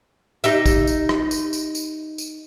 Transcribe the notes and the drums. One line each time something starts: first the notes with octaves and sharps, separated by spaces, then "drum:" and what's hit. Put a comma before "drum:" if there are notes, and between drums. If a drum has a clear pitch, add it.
D#4 G4 E5, drum: tambourine
drum: kick, tambourine
drum: tambourine
drum: rim click
drum: tambourine
drum: tambourine
drum: tambourine
drum: tambourine